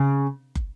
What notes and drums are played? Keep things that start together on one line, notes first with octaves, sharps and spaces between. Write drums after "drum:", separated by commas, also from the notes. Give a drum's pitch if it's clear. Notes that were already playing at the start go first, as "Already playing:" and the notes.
Already playing: C#3
drum: kick